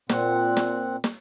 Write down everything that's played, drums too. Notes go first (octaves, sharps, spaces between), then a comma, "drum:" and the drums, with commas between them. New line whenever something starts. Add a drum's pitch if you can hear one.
A#2 C4 F#5, drum: snare
drum: snare
drum: snare